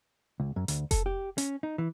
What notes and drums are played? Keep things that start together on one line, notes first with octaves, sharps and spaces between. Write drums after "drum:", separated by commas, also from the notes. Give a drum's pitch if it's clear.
C#2
F#2
D2, drum: hi-hat
A4, drum: kick F1, hi-hat
G4
C#4, drum: hi-hat
D#4
E3